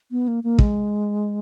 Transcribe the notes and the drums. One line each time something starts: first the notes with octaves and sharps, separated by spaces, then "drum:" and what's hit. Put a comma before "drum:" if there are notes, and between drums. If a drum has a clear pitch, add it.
B3
A#3
A#3
G#3, drum: kick